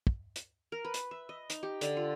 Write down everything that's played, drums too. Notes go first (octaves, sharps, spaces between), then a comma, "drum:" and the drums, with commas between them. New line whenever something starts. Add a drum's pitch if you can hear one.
drum: kick
drum: hi-hat
A#4
B4
drum: hi-hat
E5
D#5
D#4, drum: hi-hat
G4
D3, drum: hi-hat
F4